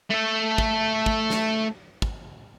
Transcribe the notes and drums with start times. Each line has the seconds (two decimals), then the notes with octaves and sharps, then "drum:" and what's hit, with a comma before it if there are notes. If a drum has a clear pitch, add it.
0.10 A3 A4
0.58 drum: kick
1.06 drum: kick
1.30 drum: snare
2.02 drum: kick